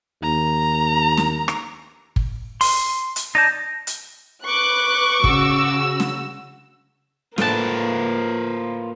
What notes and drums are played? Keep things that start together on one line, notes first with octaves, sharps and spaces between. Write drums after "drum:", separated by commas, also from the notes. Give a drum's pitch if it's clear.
D#2 A#5
drum: snare
drum: rim click
drum: kick
C6, drum: open hi-hat
drum: hi-hat
D#4 D5 A5 G6 A#6
drum: hi-hat
B4 C#6 D6 F#6
C#3 F#4 E6, drum: kick
drum: snare
A2 A#3 F4 B4 C5 A5, drum: snare